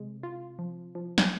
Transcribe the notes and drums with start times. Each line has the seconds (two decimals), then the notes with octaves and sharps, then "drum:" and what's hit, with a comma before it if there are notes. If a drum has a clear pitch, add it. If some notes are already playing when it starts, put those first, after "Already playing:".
Already playing: C3 G#3 C4
0.23 F4
0.59 F3
0.95 F3
1.18 drum: snare